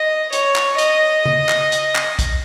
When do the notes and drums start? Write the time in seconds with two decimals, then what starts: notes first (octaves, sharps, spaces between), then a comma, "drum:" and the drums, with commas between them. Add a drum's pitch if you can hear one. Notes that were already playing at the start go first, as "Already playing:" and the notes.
Already playing: D#5
0.33 C#5, drum: hi-hat
0.56 drum: clap
0.78 D#5, drum: hi-hat
1.25 drum: tom C#3
1.49 drum: clap
1.72 drum: hi-hat
1.95 drum: clap
2.19 drum: kick, hi-hat